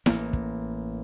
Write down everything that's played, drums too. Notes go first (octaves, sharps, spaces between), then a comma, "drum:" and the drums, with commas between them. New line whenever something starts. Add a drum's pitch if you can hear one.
A1 A#3, drum: snare E4
drum: kick